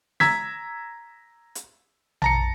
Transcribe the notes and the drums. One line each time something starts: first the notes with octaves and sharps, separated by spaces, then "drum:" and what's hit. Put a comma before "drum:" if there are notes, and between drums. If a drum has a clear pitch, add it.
A#5 E6 G#6 B6, drum: snare
drum: hi-hat
A5 A#5 C#7, drum: tom A#1